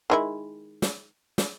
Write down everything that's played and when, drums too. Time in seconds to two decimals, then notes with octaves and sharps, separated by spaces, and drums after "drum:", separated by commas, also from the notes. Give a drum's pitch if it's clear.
0.10 D#3 G#3 E4
0.82 drum: snare
1.38 drum: snare